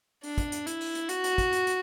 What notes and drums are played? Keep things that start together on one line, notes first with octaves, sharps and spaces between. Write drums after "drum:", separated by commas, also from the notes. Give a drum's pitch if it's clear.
D4, drum: open hi-hat
drum: kick, hi-hat
drum: hi-hat
E4, drum: hi-hat
drum: open hi-hat
drum: hi-hat
F#4, drum: hi-hat
drum: hi-hat
drum: kick, hi-hat
drum: hi-hat
drum: hi-hat